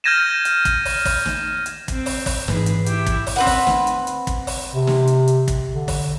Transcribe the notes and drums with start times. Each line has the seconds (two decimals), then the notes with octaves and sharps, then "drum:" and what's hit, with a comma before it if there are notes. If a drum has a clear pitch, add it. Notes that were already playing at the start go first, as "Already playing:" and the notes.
0.04 F6 G6 G#6 A#6 D#7 E7
0.45 drum: hi-hat
0.65 drum: kick, hi-hat
0.85 drum: open hi-hat
1.05 drum: kick, open hi-hat
1.26 drum: snare
1.66 drum: hi-hat
1.88 C4, drum: kick, hi-hat
2.06 drum: open hi-hat
2.26 drum: kick, open hi-hat
2.48 G#2 E3 G#4 B4, drum: snare
2.66 drum: hi-hat
2.86 E4 G4, drum: hi-hat
3.06 drum: kick, hi-hat
3.27 drum: open hi-hat
3.36 C4 B4 F#5
3.47 drum: kick, open hi-hat
3.67 drum: snare
3.87 drum: hi-hat
4.07 drum: hi-hat
4.27 drum: kick, hi-hat
4.47 drum: open hi-hat
4.74 C3
4.87 drum: snare
5.07 drum: hi-hat
5.28 drum: hi-hat
5.48 drum: kick, hi-hat
5.73 D3
5.88 drum: kick, open hi-hat